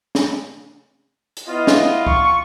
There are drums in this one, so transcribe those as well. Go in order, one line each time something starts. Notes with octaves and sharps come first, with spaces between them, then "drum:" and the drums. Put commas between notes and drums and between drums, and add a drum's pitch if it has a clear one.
drum: snare
drum: hi-hat
B3 E4 F4 D#5
drum: snare
C#6, drum: kick C#2